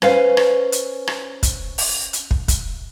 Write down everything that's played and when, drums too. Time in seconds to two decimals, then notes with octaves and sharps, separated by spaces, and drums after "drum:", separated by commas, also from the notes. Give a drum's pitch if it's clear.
0.02 C#4 B4 C5 F5, drum: rim click
0.37 drum: rim click
0.72 drum: hi-hat
1.07 drum: rim click
1.43 drum: kick, hi-hat
1.78 drum: open hi-hat
2.13 drum: hi-hat
2.31 drum: kick
2.48 drum: kick, hi-hat